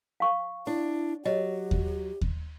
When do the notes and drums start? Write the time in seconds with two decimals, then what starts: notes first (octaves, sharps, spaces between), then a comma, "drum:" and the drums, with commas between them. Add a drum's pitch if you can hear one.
0.20 F5 C#6
0.67 D4 E4
1.25 F#3 G4 D#5
1.71 drum: kick D#2
2.21 drum: kick D#2